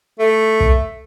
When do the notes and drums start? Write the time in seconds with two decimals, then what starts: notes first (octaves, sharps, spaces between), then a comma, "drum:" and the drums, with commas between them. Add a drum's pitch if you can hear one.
0.19 A3
0.60 drum: kick